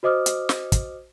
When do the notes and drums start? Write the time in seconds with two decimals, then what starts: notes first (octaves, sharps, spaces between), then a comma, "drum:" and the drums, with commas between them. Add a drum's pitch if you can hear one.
0.03 F#4 C5 D#5 D6 D#6 F6
0.26 drum: hi-hat
0.49 drum: snare
0.72 drum: kick, hi-hat